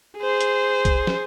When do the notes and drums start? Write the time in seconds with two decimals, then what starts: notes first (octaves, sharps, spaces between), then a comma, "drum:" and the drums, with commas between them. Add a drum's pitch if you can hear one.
0.18 G#4 C5
0.41 drum: hi-hat
0.85 drum: kick B1, hi-hat
1.07 drum: snare